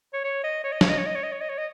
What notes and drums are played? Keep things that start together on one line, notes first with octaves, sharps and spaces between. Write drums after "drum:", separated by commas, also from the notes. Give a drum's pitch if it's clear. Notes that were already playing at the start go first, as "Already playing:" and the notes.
C#5
C#5
D#5
C#5
D#5
C#5, drum: snare
D#5
C#5
D#5
C#5
D#5
C#5
D#5
C#5
D#5